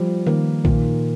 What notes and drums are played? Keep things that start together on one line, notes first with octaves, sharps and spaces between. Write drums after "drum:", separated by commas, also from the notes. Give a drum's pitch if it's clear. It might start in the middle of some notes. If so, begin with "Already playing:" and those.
Already playing: F3 G3
D#3 A#3
A#2 D#3, drum: kick A#1